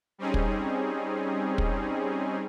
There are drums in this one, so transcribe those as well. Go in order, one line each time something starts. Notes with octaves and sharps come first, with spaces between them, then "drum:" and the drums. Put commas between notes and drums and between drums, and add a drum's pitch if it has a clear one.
G3 C4 C#4 D#4 G#4
drum: kick
drum: kick